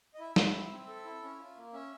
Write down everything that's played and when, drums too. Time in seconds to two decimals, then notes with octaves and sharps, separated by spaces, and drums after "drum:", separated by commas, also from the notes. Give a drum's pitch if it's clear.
0.14 D#5
0.19 E4 E5
0.36 E4, drum: snare
0.53 C4
0.71 C4
0.88 A4
1.04 E4
1.22 C#4
1.39 F4
1.56 A#3
1.73 C#4 E5